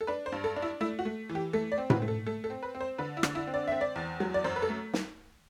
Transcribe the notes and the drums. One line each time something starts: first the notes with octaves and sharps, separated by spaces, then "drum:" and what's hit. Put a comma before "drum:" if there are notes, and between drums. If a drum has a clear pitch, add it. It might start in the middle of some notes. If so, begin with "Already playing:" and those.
A4
D4 B4
C5
G2
A4
D4
E4
A3 E4
F#4
A3
E3
G4
A3 A4
D5
C4
B4, drum: tom A2
A3
A4
A3 A4
A4
C4
B4
C4
C5
D3 B4
E4
D3, drum: rim click
E4
C4
D5
C4 E5
D5
E2
F#3
D5
F#2 C5
B4
A4
A3
drum: snare